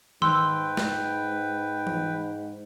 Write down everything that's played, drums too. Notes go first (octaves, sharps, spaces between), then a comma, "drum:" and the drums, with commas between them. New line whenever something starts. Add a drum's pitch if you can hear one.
G#2 B4 G5 C6 E6, drum: tom D#3
drum: snare
drum: tom E3